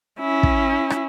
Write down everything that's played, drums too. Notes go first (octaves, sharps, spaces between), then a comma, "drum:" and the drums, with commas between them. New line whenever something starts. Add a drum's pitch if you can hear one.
C#4 E4
drum: kick
drum: rim click